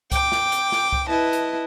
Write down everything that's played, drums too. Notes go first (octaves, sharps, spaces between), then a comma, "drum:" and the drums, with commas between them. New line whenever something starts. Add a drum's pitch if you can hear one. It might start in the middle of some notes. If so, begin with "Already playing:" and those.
G5 D6, drum: kick C#2, hi-hat
drum: snare
drum: hi-hat
drum: snare
drum: kick C#2
E4 B4 D#5 A5
drum: hi-hat